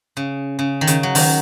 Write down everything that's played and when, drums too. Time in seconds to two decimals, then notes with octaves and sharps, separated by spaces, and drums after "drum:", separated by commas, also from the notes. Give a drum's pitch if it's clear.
0.17 C#3
0.59 C#3
0.81 D#3
0.87 C#3, drum: hi-hat
1.03 F#3
1.15 D#3, drum: open hi-hat